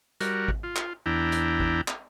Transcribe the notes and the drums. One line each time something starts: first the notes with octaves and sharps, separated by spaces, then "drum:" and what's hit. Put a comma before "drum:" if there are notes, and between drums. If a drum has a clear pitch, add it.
G3 F#4 A#4, drum: hi-hat
drum: kick G#1
F4
drum: clap
E2 D4 E4 G5 A#5
drum: hi-hat
drum: kick G#1
drum: clap